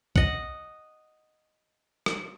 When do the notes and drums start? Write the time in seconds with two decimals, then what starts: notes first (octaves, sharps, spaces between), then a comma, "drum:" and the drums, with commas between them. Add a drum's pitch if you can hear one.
0.16 D#5 F#5, drum: kick
2.06 drum: rim click